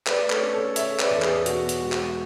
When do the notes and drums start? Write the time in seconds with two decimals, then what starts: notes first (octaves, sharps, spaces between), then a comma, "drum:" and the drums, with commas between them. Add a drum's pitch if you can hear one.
0.07 A3 B4 D5, drum: clap
0.30 A4 C#5, drum: clap
0.42 C#4
0.53 A4 C#5
0.76 C#3 C#5 E5, drum: hi-hat
0.99 B4 D5, drum: clap
1.11 E2 A4
1.22 G#4 B4, drum: clap
1.46 B2 F#4, drum: hi-hat
1.69 drum: hi-hat
1.80 G#3 F#4
1.92 drum: clap